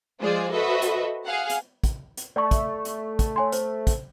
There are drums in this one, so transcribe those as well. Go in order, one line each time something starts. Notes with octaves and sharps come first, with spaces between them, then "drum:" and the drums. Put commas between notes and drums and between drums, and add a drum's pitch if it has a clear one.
F3 G#3 F4 G#4 C5 D5
F#4 A4 B4 C5 D#5 E5
drum: hi-hat
G#4 F5 F#5
drum: hi-hat
drum: kick, hi-hat
drum: hi-hat
A3 D5 C#6
drum: kick, hi-hat
drum: hi-hat
drum: kick, hi-hat
C#5 G#5 C6
C5, drum: hi-hat
drum: kick, hi-hat